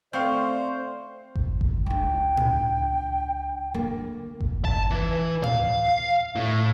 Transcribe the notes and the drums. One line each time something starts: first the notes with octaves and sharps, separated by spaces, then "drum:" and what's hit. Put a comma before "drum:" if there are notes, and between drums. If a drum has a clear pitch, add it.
A3 C4 C5 D5 F5 C#6 G6
drum: kick G1
drum: kick G1
C#2 D4 G5
drum: tom A2
D3 A#3
drum: kick G1
A5, drum: kick G1
E3
F5, drum: tom A2
A2